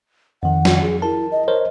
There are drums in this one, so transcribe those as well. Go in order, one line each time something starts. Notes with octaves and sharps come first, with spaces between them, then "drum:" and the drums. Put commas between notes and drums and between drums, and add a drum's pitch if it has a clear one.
F2 D#3 F#5
drum: snare
G#4
E4 A#4 A5
D#5
A#4 C5 C#5